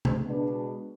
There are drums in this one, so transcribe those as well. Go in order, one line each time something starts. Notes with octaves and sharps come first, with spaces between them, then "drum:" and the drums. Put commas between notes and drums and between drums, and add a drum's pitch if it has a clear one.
drum: tom C#3
B2 G#3 B3 D4